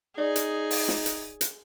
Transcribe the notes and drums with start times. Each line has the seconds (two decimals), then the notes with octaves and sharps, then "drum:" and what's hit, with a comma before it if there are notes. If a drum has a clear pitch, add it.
0.18 D#4 G#4 D5
0.36 drum: hi-hat
0.71 drum: open hi-hat
0.88 drum: snare
1.06 drum: hi-hat
1.41 drum: hi-hat